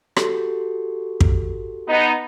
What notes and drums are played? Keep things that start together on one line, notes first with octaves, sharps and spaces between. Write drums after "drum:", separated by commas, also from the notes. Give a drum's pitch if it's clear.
F#4 G4 A4, drum: rim click
drum: kick
B3 D#4